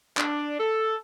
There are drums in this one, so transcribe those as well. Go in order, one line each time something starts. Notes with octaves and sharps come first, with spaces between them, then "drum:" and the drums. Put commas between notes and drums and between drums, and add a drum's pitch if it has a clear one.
D4, drum: clap
A4